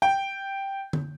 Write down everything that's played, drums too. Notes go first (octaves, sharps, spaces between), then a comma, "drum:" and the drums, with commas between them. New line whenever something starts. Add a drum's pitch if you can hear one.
G5
drum: tom D3